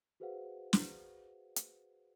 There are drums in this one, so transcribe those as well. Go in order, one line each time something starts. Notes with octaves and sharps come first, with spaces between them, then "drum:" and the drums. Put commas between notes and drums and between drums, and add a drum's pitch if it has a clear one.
F#4 G#4 B4 C5 F5 F#5
drum: snare
drum: hi-hat